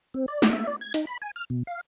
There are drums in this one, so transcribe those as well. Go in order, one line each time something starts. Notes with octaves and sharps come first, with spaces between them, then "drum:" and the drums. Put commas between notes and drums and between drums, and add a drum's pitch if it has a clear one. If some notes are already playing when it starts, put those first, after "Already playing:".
C4
D5
drum: snare
E5
D5
G#6
D#4, drum: hi-hat
B5
G#5
F6
B2
F5